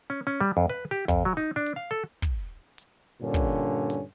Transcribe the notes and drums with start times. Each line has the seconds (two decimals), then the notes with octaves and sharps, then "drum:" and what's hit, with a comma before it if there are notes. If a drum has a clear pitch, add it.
0.10 C#4
0.27 C#4
0.41 G3
0.57 F2
0.70 B4
0.91 G4
1.08 F2, drum: kick, hi-hat
1.25 F#3
1.37 D#4
1.56 D4
1.66 drum: hi-hat
1.76 F5
1.91 A4
2.22 drum: kick, hi-hat
2.78 drum: hi-hat
3.21 G2 A#2 D3 C#4
3.34 drum: kick
3.90 drum: hi-hat